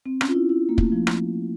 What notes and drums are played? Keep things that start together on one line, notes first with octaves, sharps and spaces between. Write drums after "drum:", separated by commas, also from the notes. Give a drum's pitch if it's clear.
C4
C#4, drum: rim click
F4
E4
E4
A#3
A3, drum: kick
F3
drum: rim click